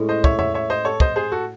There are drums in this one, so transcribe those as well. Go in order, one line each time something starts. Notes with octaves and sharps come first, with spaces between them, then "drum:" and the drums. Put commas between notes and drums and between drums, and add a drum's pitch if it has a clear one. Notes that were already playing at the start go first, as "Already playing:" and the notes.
Already playing: A2 G#3 C#4
C5 D#5
C#5 E5, drum: kick
C#5 E5, drum: tom E2
C#5 E5
C5 D#5
A4 C#5
C5 D#5, drum: kick
G#4 C5
F#4 A4